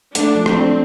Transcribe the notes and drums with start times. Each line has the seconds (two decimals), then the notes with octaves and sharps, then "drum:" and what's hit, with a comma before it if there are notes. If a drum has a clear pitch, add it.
0.15 A3 D4, drum: hi-hat
0.35 F3
0.46 C4, drum: rim click
0.57 D4